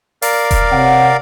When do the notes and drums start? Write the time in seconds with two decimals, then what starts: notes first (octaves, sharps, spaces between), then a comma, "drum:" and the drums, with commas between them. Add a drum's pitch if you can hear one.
0.22 A#4 D5 F5, drum: open hi-hat
0.51 drum: kick E1, hi-hat
0.71 C3 C#5 F#5